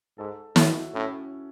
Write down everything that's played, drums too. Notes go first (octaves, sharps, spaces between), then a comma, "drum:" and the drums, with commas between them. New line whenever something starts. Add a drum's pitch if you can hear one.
G#2 A4
A2 F#4, drum: snare
E4
A2 C#4